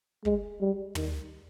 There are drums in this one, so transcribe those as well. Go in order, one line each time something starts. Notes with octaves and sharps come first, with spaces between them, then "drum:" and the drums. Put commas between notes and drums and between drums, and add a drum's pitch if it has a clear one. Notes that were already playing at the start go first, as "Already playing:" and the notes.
G#3, drum: kick
G3
D#3, drum: tom